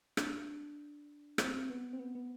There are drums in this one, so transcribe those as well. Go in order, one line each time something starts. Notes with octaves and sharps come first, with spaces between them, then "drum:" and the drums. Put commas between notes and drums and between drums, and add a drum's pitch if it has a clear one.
D4, drum: rim click
C4, drum: rim click
B3
C4
B3
B3